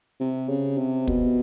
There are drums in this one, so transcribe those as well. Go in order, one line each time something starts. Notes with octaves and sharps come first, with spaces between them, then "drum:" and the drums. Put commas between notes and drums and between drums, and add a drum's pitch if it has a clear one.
C3
C#3
C3
B2, drum: kick